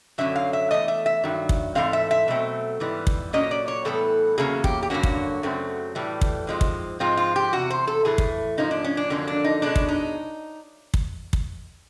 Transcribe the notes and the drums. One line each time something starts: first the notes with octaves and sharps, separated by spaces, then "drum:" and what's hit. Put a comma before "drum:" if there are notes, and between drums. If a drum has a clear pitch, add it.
F#2 D3 F#3 C#4 E5
F5
E5
E2 C#3 E3 A3 D#5
E5
E5
G2 D#3 F#3
drum: kick
G#2 E3 A3 C4 F5
E5
E5
B2 F#3 A3 C4
G#2 E3 G3 B3
drum: kick
A#2 F#3 A#3 C#4 D#5
D5
C#5
A2 E3 G3 B3 A4
E2 C#3 F#3 A#3 C#4 G#4
G4, drum: kick
G4
G2 D3 F#3 A#3 C#4 F#4
drum: kick
F#2 C#3 F#3 A3 C4
A2 E3 G3
drum: kick
G#2 F3 G#3 C4
drum: kick
G#2 F3 G#3 C4 F4
F4
G4
E2 C3 F#4
C5
A4
A2 E3 A3 G#4
drum: kick
G#2 F3 A#3 C#4 D#4
D4
C#4
D4
F2 D3 F#3 A#3 C#4
D4
D#4
B2 G#3 C#4 D4
drum: kick
D#4
drum: kick
drum: kick